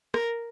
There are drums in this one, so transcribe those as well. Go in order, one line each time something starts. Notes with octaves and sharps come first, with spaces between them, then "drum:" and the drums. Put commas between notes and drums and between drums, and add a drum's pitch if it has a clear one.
A#4, drum: rim click